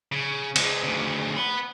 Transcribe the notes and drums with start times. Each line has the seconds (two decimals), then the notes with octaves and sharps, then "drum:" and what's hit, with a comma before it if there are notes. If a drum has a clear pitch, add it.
0.12 C#3
0.56 C#3 G#3, drum: cymbal
0.83 D2 C#3
1.37 F#5 B5